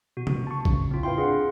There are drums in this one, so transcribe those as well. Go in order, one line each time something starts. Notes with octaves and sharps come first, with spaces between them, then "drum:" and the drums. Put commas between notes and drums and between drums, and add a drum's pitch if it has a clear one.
B2 F#4
drum: tom C3
A5 C#6
A2 C#3, drum: kick A#1
C4 F4
E4 B4 F5 G5 C6
D4 G#4 F#5